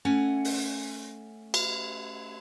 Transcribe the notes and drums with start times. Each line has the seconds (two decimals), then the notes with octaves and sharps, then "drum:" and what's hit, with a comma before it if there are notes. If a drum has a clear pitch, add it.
0.05 A3 C#4 F#5 G#5
0.45 drum: open hi-hat
1.54 drum: cymbal